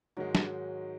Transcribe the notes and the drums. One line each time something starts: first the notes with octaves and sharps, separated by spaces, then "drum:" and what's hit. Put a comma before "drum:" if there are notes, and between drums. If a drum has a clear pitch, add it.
G#2 D#3 F#3 G#3
drum: snare